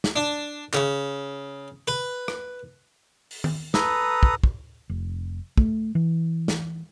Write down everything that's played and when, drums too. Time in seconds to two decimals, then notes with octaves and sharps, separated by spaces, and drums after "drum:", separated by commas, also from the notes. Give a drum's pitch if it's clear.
0.04 drum: snare
0.16 D4
0.74 C#3, drum: clap
1.88 B4
2.28 drum: rim click
3.31 drum: open hi-hat
3.44 drum: tom D#3
3.74 A4 B4 A#5 D#6, drum: snare
4.23 drum: kick
4.44 drum: kick
4.89 F1
5.58 A3, drum: kick
5.95 E3
6.48 drum: snare